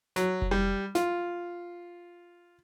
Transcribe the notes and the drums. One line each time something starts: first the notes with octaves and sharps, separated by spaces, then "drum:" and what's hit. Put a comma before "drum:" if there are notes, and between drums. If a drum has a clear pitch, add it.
F#3, drum: snare
drum: kick F1
G3
F4, drum: snare